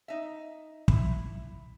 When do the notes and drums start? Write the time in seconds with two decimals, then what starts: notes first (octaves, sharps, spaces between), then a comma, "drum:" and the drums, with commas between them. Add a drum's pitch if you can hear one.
0.08 D#4 E5
0.88 E4, drum: kick